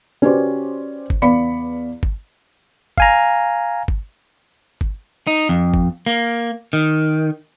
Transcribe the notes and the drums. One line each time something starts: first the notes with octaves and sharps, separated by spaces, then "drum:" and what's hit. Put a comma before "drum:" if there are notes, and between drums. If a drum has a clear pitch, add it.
C#4 F#4 G4 B4 C5 D5
drum: kick G1
E2 B3 D5 F5 B5 C#7
drum: kick G1
F5 G#5 A#5, drum: kick G1
drum: kick G1
drum: kick G1
D#4
F2
drum: kick G1
A#3
D#3